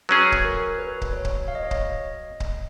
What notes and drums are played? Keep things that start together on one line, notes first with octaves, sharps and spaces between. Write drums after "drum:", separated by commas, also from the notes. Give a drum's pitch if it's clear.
F#3 C#4 G#4 B4
drum: kick C#1
A#4
B4
drum: kick C#1
C#5
drum: kick C#1
F5
D#5
C#5
D#5, drum: kick C#1
drum: kick C#1